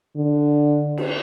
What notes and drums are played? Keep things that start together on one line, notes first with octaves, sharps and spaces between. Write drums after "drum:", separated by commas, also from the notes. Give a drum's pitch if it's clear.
D3
drum: cymbal